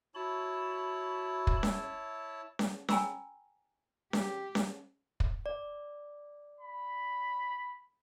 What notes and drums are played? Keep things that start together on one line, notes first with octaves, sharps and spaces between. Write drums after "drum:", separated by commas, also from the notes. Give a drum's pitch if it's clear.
E4 F#4 C#5 A5 B5
drum: kick
drum: snare C#4
drum: snare C#4
G5 G#5 A#5 B5 C#6 E6, drum: snare C#4
G4, drum: snare C#4
drum: snare C#4
drum: kick
D5
B5